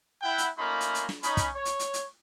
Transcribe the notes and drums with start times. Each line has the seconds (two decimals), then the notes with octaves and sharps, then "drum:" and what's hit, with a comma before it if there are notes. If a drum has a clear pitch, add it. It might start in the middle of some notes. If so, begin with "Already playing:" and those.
0.22 E4 F#5 G5
0.38 drum: hi-hat
0.58 A3 A#3 C#4 D#4 F4 B5
0.80 drum: hi-hat
0.95 drum: hi-hat
1.09 drum: snare
1.23 C#4 D#4 B5, drum: hi-hat
1.37 drum: kick, hi-hat
1.55 C#5
1.65 drum: hi-hat
1.79 drum: hi-hat
1.94 drum: hi-hat